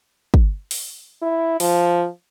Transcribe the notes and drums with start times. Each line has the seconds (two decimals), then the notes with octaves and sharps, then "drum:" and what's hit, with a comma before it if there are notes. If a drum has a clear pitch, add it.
0.34 drum: kick
0.71 drum: open hi-hat
1.22 E4
1.60 F3, drum: open hi-hat